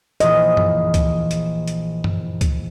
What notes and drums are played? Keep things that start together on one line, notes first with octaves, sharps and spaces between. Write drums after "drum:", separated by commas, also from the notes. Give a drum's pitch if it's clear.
A#1 A#2 E3 D#5, drum: hi-hat
drum: tom
drum: kick, hi-hat
drum: hi-hat
drum: hi-hat
drum: tom
drum: kick, hi-hat